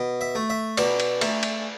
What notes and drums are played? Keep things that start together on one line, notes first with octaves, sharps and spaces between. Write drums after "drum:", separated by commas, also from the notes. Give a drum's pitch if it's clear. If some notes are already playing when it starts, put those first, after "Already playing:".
Already playing: B2
E5
A3
E5
B2 D5, drum: cymbal
drum: cymbal
A3, drum: cymbal
drum: cymbal